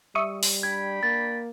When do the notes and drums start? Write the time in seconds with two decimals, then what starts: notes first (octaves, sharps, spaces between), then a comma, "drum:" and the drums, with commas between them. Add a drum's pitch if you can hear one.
0.15 G3 E5 C#6 D#6
0.43 drum: open hi-hat
0.63 D4 G5 B5 G#6
1.03 A#3 A6